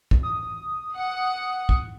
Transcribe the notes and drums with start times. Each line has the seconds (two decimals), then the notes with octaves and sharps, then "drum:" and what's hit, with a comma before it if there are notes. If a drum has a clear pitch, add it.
0.11 drum: kick
0.23 D#6
0.94 F#5 C#7
1.69 drum: kick